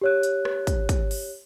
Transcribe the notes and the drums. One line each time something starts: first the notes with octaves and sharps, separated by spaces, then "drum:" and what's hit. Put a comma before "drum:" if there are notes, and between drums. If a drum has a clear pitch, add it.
G4 C#5 F#6
drum: hi-hat
drum: rim click
drum: kick, hi-hat
drum: kick, hi-hat
drum: open hi-hat